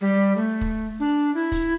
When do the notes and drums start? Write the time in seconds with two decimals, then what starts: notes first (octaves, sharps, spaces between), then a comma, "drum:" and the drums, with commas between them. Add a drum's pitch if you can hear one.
0.01 G3
0.36 A3
0.61 drum: kick
1.00 D4
1.34 E4
1.52 drum: kick, hi-hat